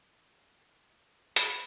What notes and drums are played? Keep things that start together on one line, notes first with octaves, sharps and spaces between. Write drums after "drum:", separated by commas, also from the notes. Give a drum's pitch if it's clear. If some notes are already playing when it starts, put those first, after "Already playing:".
B5, drum: hi-hat